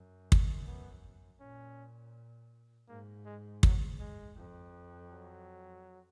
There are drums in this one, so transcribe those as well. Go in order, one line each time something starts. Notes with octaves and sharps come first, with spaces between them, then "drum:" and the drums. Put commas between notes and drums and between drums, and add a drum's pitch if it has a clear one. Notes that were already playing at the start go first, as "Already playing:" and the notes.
Already playing: F#2
drum: kick
B3
A#2 C#4
G#2 A#3
G#3
F#3, drum: kick
G#3
F2
F#3